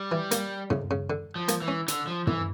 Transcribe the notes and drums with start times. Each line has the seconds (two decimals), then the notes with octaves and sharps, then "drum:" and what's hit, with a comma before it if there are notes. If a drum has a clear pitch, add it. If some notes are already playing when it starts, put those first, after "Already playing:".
Already playing: G3
0.12 E3
0.31 A#3, drum: hi-hat
0.70 C#3, drum: tom
0.91 C#3
1.10 D3
1.35 F3
1.48 A#3, drum: hi-hat
1.62 E3
1.68 C#4
1.88 D3, drum: hi-hat
2.07 F3
2.27 E3, drum: tom